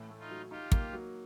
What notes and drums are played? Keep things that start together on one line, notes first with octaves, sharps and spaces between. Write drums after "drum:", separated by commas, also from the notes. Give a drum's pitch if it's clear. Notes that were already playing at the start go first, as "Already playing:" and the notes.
Already playing: A2 E3
A3
D#4 F4
F#3
D#4 F4 G4
A#3, drum: kick
F#3